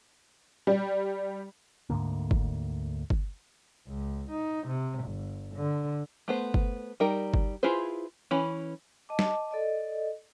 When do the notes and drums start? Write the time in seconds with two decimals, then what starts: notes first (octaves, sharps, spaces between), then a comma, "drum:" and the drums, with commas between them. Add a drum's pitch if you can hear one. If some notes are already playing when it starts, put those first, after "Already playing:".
0.67 G3
1.90 D2 G#2 D3 A#3
2.31 drum: kick G1
3.10 drum: kick G1
3.87 C#2
4.30 D#4
4.67 C3
5.04 G1
5.55 D3
6.28 A3 B3 C5
6.54 drum: kick G1
7.00 G3 D#4 A#4 G5
7.34 drum: kick G1
7.63 E4 F4 G#4 B4 C5
8.31 E3 C#4 B5
9.09 D#5 A5 D6
9.19 drum: snare
9.51 A4 D5 D#5